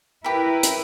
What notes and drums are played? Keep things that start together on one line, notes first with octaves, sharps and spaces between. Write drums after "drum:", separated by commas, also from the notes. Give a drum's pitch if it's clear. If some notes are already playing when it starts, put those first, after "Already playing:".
E4 G4 A#4 B4 B5
drum: hi-hat